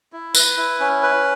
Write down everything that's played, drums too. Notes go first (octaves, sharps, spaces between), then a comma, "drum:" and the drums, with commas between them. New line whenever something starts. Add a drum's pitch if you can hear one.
E4
B4, drum: tambourine
E4
C#4
B4